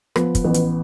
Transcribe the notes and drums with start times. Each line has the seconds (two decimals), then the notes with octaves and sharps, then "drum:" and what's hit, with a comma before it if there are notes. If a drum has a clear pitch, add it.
0.16 F3 B3, drum: rim click
0.35 drum: kick, hi-hat
0.44 A1 B3
0.54 drum: hi-hat